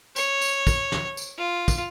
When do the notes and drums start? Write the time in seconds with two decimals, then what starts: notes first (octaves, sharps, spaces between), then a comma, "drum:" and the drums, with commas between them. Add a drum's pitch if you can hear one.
0.16 C#5, drum: tambourine
0.41 drum: tambourine
0.67 drum: kick, tambourine
0.92 drum: snare
1.17 drum: tambourine
1.38 F4
1.68 drum: kick, tambourine